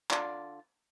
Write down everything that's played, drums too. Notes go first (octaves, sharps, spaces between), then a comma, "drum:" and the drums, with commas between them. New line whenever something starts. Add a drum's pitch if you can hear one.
D3 F4 D5, drum: clap